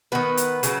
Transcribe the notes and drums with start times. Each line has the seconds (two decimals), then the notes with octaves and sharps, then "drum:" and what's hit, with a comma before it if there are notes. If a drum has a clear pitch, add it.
0.12 D#3 B3 B4
0.37 drum: hi-hat
0.63 C#3 F#3, drum: hi-hat